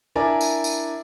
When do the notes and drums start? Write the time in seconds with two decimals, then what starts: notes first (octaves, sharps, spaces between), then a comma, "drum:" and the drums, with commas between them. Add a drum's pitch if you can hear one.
0.15 D4 E4 A#4 D5 G#5 D6
0.41 drum: tambourine
0.64 drum: tambourine